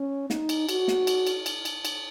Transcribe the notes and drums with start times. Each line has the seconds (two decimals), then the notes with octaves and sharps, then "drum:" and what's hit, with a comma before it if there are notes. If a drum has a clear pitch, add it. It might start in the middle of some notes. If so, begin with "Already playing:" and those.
Already playing: C#4
0.30 D#4, drum: snare
0.49 drum: cymbal
0.69 F#4, drum: cymbal
0.88 drum: snare
1.07 drum: cymbal
1.27 drum: cymbal
1.46 drum: cymbal
1.65 drum: cymbal
1.85 drum: cymbal